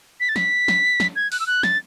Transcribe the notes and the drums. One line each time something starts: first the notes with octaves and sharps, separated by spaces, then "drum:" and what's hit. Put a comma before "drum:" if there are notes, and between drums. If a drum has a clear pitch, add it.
B6
A6
B6, drum: snare
drum: snare
drum: snare
G#6
F#6, drum: open hi-hat
E6
F#6
A6, drum: snare